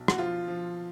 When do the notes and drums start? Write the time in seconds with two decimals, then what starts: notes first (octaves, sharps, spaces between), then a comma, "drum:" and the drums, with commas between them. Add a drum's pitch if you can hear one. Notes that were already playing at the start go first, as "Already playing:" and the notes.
Already playing: B1
0.08 F#4, drum: rim click
0.18 F3 F4
0.48 F3